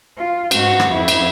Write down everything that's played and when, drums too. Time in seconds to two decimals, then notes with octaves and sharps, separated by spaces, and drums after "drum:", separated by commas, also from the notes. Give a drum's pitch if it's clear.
0.18 F4
0.51 G#2 F#4, drum: cymbal
0.80 drum: rim click
0.92 F2 E4
1.08 drum: cymbal